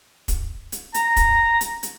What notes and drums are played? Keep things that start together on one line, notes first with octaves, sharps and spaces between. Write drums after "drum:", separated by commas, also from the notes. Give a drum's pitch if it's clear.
drum: kick, hi-hat
drum: hi-hat
A#5, drum: hi-hat
drum: kick, hi-hat
drum: hi-hat
drum: hi-hat